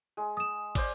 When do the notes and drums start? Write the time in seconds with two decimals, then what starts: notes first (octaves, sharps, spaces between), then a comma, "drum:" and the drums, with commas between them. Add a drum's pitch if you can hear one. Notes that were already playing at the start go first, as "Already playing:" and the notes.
0.17 G#3
0.37 D#6 E7
0.75 C5 D5, drum: kick, cymbal